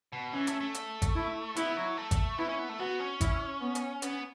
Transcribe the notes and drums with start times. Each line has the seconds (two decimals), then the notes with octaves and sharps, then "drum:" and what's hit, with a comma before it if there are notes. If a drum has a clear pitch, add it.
0.12 B2
0.33 E3 C#4
0.47 A3, drum: hi-hat
0.61 A3
0.74 drum: hi-hat
1.02 drum: kick G#1, hi-hat
1.15 E4
1.56 B3 E4, drum: hi-hat
1.77 F#3
1.97 A3
2.11 drum: kick G#1, hi-hat
2.38 B3 E4
2.49 C#4
2.59 B3
2.69 A3
2.79 B3 F#4
3.00 C#4
3.21 E4, drum: kick G#1, hi-hat
3.61 B3
3.75 drum: hi-hat
4.02 B3 C#4, drum: hi-hat